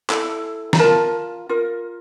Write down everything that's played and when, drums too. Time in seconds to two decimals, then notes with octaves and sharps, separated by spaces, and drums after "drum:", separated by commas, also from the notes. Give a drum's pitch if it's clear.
0.10 E4 A4, drum: clap
0.73 A#5, drum: snare
0.79 F4 A#4 A5
1.49 F4 A#4